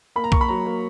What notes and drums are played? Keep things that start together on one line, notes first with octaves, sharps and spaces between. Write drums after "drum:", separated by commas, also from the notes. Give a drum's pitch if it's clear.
A#3 B5
A#5
A#3 C#6, drum: kick B1
B5
F#3 A#5
A#3